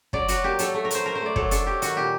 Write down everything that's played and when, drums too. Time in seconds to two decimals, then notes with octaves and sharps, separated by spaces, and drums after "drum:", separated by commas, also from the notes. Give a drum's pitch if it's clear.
0.13 F#3 D5, drum: kick
0.28 F#3 F#4, drum: hi-hat
0.44 A#3 G4
0.59 F#3 A4, drum: hi-hat
0.74 A3
0.85 A#4
0.91 F#3 C5, drum: hi-hat
1.05 A3 A#4
1.15 C5
1.21 A3 D5
1.36 F#3 A4, drum: kick
1.51 D4 A4, drum: hi-hat
1.66 F#3 G4
1.82 D#3 F#4, drum: hi-hat
1.97 A#2 G4